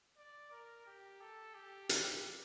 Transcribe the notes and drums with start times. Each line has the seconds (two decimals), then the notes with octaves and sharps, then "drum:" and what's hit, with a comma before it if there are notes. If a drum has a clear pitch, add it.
0.17 D5
0.52 A#4
0.87 G4
1.21 A4
1.55 G4
1.89 G4, drum: hi-hat